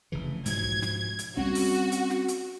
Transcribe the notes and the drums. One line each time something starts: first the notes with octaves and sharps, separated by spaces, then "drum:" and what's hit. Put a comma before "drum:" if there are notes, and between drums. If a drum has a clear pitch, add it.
F1 C#3 E3
G#2 B2 F3 G#6, drum: hi-hat
drum: kick
drum: snare
drum: hi-hat
G3 C4 C#4 F#4, drum: kick
drum: open hi-hat
drum: hi-hat
drum: snare
drum: hi-hat